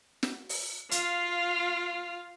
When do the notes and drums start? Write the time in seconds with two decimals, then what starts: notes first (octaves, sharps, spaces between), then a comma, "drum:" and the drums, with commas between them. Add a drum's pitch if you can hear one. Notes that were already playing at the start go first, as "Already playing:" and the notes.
0.23 drum: snare
0.49 drum: open hi-hat
0.91 F4 F5, drum: hi-hat